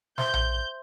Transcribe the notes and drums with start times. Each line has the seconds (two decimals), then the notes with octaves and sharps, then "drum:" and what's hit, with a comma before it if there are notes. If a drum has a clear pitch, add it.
0.18 C5 E5 C6 G6, drum: snare
0.33 drum: tom A#1